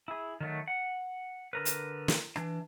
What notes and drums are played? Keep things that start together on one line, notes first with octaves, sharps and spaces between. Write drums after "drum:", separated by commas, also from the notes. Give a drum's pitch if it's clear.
E4 G#4
D#3 F#3 A3
F#5
D3 A#4 B4
drum: hi-hat
drum: snare
E3 D4, drum: rim click